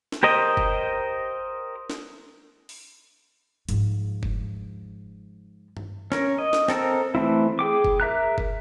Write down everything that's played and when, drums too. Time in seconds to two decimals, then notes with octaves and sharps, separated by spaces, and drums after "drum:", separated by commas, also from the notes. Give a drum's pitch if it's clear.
0.12 drum: snare
0.23 G4 A#4 C5 D#5
0.57 drum: kick F#1
1.90 drum: snare
2.69 drum: open hi-hat
3.69 G#2 F3, drum: hi-hat
4.23 drum: kick F#1
5.77 drum: tom G2
6.12 C#4 A#4, drum: snare
6.38 D#5
6.53 drum: snare
6.68 C4 A4 A#4 E6, drum: snare
7.15 E3 A3 C4 E4
7.59 G#4 G5 D6
7.85 drum: kick F#1
8.00 A#4 E5 A#5 F#6
8.38 drum: kick F#1